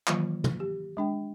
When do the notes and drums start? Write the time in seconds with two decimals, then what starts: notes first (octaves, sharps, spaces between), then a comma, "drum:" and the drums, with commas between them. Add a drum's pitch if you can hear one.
0.07 D#3 E3 F#3 A#3 F4 C#6, drum: clap
0.44 drum: tom
0.60 G4
0.97 G#3 D4 G5